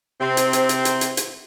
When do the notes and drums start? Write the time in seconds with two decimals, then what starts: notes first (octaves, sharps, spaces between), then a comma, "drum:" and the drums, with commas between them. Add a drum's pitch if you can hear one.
0.21 C3 C4
0.37 drum: hi-hat
0.53 drum: hi-hat
0.69 drum: hi-hat
0.85 drum: hi-hat
1.01 drum: hi-hat
1.17 drum: hi-hat